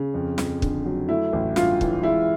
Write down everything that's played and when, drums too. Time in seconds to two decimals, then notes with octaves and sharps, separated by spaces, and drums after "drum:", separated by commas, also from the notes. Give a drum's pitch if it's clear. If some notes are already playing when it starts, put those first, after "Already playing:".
Already playing: C#3
0.14 F2
0.38 F2, drum: snare
0.62 D3, drum: kick
0.85 F#3
1.09 A3 E4
1.33 A1
1.56 G2 F4, drum: snare
1.81 E3, drum: kick
2.03 G#3 E4